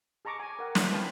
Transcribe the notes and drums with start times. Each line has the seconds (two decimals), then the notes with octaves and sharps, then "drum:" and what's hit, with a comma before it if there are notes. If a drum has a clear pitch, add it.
0.25 G#4 A5 A#5 C#6 D6
0.40 G#5
0.59 A#4 F#5 G5
0.75 C#4 D4 E4, drum: snare
0.92 B4 C5 F5 G5 A5 B5